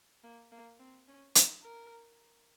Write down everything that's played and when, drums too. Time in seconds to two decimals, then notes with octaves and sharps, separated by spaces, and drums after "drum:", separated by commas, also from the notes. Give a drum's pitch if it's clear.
0.24 A#3
0.52 A#3
0.79 C4
1.08 C#4
1.35 D#4, drum: hi-hat
1.63 A#4